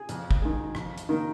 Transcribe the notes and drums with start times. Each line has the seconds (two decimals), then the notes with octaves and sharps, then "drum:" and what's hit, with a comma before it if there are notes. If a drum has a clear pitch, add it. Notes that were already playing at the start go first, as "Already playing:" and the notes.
Already playing: G#4
0.09 F2, drum: hi-hat
0.31 drum: kick
0.42 D#3 G#3
0.75 F2, drum: rim click
0.98 drum: hi-hat
1.09 D#3 A#3